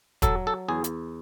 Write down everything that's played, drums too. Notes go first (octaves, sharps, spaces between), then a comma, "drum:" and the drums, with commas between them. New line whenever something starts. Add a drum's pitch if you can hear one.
F#3 A4, drum: kick, hi-hat
A4
E2 G#4
drum: hi-hat